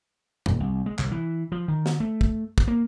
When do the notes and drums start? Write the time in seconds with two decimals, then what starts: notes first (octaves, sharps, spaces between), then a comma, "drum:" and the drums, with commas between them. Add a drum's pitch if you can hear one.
0.46 D#1, drum: tom F2
0.60 C2
0.86 G#3
0.99 C2, drum: clap
1.11 E3
1.52 F3
1.68 D#3
1.86 drum: snare
2.00 A3
2.21 drum: kick
2.58 drum: kick
2.68 A#3